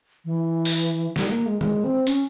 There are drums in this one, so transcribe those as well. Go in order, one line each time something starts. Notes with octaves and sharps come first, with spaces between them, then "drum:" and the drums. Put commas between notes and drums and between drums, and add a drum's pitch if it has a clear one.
E3
drum: open hi-hat
G3, drum: snare
G#3
A#3
G#3
G#3, drum: tom D#3
C4
C#4, drum: hi-hat